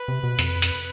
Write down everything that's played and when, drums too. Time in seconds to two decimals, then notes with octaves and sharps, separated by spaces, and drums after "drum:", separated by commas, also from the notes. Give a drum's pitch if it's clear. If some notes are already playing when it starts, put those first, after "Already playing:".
Already playing: B4
0.08 C3
0.23 B2
0.39 F2, drum: hi-hat
0.62 drum: hi-hat